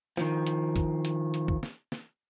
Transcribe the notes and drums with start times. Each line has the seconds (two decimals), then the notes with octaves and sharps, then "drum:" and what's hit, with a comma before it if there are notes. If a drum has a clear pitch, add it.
0.17 D#3 F3, drum: snare
0.47 drum: hi-hat
0.76 drum: kick G1, hi-hat
1.05 drum: hi-hat
1.34 drum: hi-hat
1.48 drum: kick G1
1.63 drum: snare
1.92 drum: snare